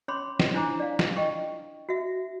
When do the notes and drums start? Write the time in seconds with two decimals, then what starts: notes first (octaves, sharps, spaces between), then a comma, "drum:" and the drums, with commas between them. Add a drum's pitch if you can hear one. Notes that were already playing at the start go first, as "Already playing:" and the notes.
0.08 C#4 C#5 B5 C6 D6
0.40 drum: snare
0.54 D4 E4 C5 G#5 A#5 D6
0.80 D5 F5
0.99 drum: snare
1.16 D#5 G5 C#6
1.89 F#4 E5